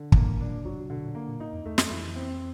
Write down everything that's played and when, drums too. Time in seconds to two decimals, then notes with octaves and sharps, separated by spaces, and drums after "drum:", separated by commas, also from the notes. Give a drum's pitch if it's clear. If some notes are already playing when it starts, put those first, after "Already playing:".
Already playing: D3
0.12 G#2 A#3, drum: kick
0.27 A2
0.40 A#2 D4
0.58 B2
0.65 C3 F#3
0.90 B2 D3
1.02 A#2
1.15 A#3
1.28 A#2
1.40 A2 D#4
1.53 F2
1.65 E2 A3
1.78 F2, drum: snare
1.91 F2 E3
2.16 C4